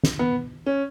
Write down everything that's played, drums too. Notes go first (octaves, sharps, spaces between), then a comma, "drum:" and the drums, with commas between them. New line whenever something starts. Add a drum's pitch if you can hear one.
drum: snare
B3
C#4